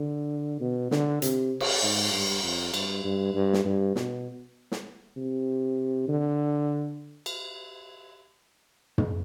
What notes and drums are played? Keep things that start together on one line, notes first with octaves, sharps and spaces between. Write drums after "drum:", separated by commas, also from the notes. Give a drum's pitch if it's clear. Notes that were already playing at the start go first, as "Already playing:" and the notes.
Already playing: D3
B2
D3, drum: snare
C3, drum: hi-hat
drum: cymbal
G#2
G2
F2
G2, drum: cymbal
G2
G2
drum: snare
G2
B2, drum: snare
drum: snare
C3
D3
drum: cymbal
drum: tom